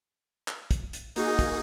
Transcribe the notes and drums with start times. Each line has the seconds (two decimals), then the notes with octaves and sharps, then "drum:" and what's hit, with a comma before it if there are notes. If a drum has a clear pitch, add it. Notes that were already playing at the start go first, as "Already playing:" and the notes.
0.48 drum: clap
0.71 drum: kick, hi-hat
0.93 drum: hi-hat
1.16 A#3 D#4 F#4 G#4, drum: hi-hat
1.39 drum: kick, hi-hat